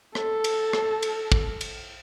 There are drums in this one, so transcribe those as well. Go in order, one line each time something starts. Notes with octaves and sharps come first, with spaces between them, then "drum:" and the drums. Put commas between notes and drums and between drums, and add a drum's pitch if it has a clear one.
A4, drum: rim click
drum: cymbal
drum: rim click
drum: cymbal
drum: kick
drum: cymbal